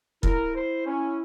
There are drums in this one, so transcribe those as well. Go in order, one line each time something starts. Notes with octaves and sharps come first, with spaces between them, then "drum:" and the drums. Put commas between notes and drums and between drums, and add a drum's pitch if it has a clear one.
E4 A#4, drum: kick
C5
C#4